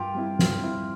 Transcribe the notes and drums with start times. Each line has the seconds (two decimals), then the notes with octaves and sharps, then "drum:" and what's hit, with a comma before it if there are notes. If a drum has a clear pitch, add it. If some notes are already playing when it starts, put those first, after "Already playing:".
Already playing: G2 F4 G4 A#4
0.15 G3 C4 E4
0.39 G2, drum: snare
0.64 G3 C4 E4